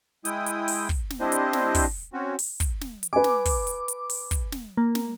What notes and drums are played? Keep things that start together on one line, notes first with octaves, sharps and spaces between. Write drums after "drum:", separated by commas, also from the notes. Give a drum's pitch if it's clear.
G#3 E4 G5 D#6, drum: hi-hat
drum: hi-hat
drum: open hi-hat
drum: kick
drum: snare
C4 D4 E4 G4 C5 D#5
drum: hi-hat
drum: snare
drum: kick, open hi-hat
C4 C#4 F#4
drum: open hi-hat
drum: kick, hi-hat
drum: snare
drum: hi-hat
B4 G#5 D6
drum: snare
drum: kick, open hi-hat
drum: hi-hat
drum: hi-hat
drum: open hi-hat
drum: kick, hi-hat
drum: snare
A#3
drum: snare